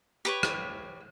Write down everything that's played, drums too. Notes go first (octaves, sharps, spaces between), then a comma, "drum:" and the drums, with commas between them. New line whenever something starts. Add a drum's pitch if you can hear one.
G4 B4 C#5
drum: rim click